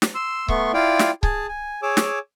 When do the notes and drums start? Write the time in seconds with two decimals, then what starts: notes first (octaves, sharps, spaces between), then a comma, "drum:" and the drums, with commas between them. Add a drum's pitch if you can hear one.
0.02 drum: snare
0.15 C6 E6
0.48 A3 B3 C6 C#6, drum: kick C#1
0.74 E4 F4 D5 F5 G5
0.99 drum: snare
1.23 G#4 G#5 A5, drum: kick C#1
1.48 G#5
1.82 G#4 C#5 G#5 D6 E6
1.97 drum: snare